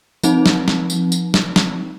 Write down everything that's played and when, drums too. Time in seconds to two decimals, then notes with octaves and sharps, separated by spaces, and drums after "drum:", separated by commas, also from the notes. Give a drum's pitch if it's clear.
0.23 F3 C4 D#4, drum: tambourine
0.46 drum: snare
0.68 drum: snare
0.90 drum: tambourine
1.12 drum: tambourine
1.34 drum: snare
1.56 drum: snare